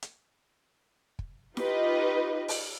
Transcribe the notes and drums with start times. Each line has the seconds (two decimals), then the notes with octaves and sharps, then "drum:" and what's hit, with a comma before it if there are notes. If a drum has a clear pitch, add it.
0.03 drum: hi-hat
1.19 drum: kick
1.57 D#4 F4 G4 B4 D#5, drum: snare E4
2.48 drum: open hi-hat